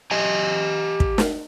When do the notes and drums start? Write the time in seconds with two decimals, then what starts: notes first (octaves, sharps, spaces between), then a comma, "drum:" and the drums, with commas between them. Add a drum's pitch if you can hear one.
0.11 G4 D#5 G#5
1.00 drum: kick
1.18 drum: snare